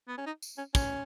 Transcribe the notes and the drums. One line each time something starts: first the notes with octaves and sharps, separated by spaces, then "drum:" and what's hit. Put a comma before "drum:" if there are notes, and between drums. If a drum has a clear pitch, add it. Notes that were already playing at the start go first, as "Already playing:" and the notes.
B3
C#4
D#4
drum: tambourine
C#4
C#4, drum: kick, tambourine